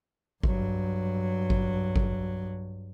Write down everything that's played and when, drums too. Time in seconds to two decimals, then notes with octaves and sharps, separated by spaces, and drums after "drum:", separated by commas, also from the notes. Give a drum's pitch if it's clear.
0.43 G2 F#3, drum: kick G#1
1.50 drum: kick G#1
1.96 drum: kick G#1